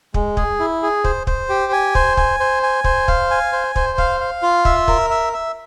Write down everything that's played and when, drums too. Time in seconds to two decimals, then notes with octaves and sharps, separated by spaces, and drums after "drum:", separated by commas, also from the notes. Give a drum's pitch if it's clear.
0.14 G#3, drum: kick
0.37 G#4, drum: kick
0.59 E4
0.83 G#4
1.04 C5, drum: kick
1.27 C5, drum: kick
1.49 G4
1.72 G#5
1.95 C5, drum: kick
2.17 G#5, drum: kick
2.40 C5
2.63 G#5
2.84 C5, drum: kick
3.08 F5, drum: kick
3.31 G#5
3.53 C5
3.76 C5, drum: kick
3.98 F5, drum: kick
4.20 F5
4.42 F4
4.65 E5, drum: kick
4.88 A#4, drum: kick
5.10 E5
5.33 E5